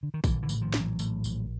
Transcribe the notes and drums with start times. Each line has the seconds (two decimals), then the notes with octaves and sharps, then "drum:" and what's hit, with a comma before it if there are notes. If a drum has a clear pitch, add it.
0.03 D3
0.14 D#3
0.24 A#1 D3 E3, drum: kick, tambourine
0.42 D3 E3
0.49 A2, drum: tambourine
0.61 D#3 F3
0.74 A#1, drum: snare
0.80 E3 F#3
0.99 A2, drum: tambourine
1.24 A#1, drum: tambourine